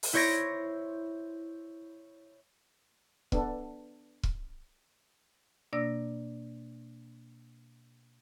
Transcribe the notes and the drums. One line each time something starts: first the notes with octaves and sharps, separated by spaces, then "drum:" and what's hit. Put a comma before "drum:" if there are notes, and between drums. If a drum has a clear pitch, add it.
drum: open hi-hat
E4 C5 C#5 G#6 A#6 D7
B3 D4 A4, drum: kick
drum: kick
B2 A#3 D4 D5 E6 A#6